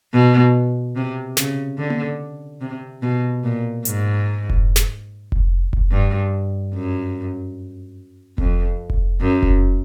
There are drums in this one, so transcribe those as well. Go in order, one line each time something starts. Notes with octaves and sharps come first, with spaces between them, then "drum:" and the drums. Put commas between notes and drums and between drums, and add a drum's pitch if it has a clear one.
B2
C3
C#3, drum: snare
D3
drum: tom A#3
C3
B2
A#2
G#2, drum: hi-hat
drum: kick F1
drum: snare
drum: kick F1
drum: kick F1
G2
F#2
F2, drum: kick F1
drum: kick F1
F#2
drum: kick F1